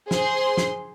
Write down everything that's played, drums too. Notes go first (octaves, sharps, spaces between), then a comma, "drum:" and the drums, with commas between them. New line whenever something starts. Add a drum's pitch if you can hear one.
G#4 C5 C6, drum: snare
drum: snare